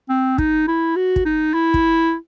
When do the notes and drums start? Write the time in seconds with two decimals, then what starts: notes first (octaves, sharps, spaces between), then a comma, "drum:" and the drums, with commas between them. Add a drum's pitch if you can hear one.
0.09 C4
0.38 D#4, drum: kick
0.68 E4
0.96 F#4
1.16 drum: kick
1.25 D#4
1.54 E4
1.74 drum: kick